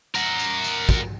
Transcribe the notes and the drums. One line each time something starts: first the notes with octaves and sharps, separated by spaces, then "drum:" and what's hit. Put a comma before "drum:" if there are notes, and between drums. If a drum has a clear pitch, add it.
A#4 F#5, drum: tambourine
drum: tambourine
drum: tambourine
drum: kick, tambourine